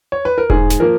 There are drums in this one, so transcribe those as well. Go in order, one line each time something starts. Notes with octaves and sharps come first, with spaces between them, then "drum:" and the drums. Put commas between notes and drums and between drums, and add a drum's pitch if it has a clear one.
C#5
B4
A#4
G#2 G#4, drum: kick E1
drum: snare
F3 A#3 A#4